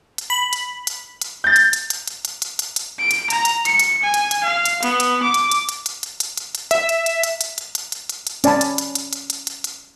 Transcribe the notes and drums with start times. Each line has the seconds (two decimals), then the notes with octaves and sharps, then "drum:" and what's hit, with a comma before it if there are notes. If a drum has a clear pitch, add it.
0.18 drum: hi-hat
0.30 B5
0.53 drum: hi-hat
0.87 drum: hi-hat
1.22 drum: hi-hat
1.44 G6 A6
1.56 drum: hi-hat
1.73 drum: hi-hat
1.90 drum: hi-hat
2.08 drum: hi-hat
2.25 drum: hi-hat
2.42 drum: hi-hat
2.59 drum: hi-hat
2.76 drum: hi-hat
2.99 D7
3.11 drum: hi-hat
3.30 A#5, drum: hi-hat
3.45 drum: hi-hat
3.65 C#7, drum: hi-hat
3.79 drum: hi-hat
4.03 G#5
4.14 drum: hi-hat
4.31 drum: hi-hat
4.43 F5
4.65 drum: hi-hat
4.83 B3, drum: hi-hat
5.00 drum: hi-hat
5.22 D6
5.34 drum: hi-hat
5.51 drum: hi-hat
5.69 drum: hi-hat
5.86 drum: hi-hat
6.03 drum: hi-hat
6.20 drum: hi-hat
6.37 drum: hi-hat
6.55 drum: hi-hat
6.71 E5, drum: hi-hat
6.89 drum: hi-hat
7.06 drum: hi-hat
7.23 drum: hi-hat
7.41 drum: hi-hat
7.58 drum: hi-hat
7.75 drum: hi-hat
7.92 drum: hi-hat
8.09 drum: hi-hat
8.27 drum: hi-hat
8.44 C#4 D5 G#5 A5 B5, drum: hi-hat
8.61 drum: hi-hat
8.78 drum: hi-hat
8.95 drum: hi-hat
9.13 drum: hi-hat
9.30 drum: hi-hat
9.47 drum: hi-hat
9.64 drum: hi-hat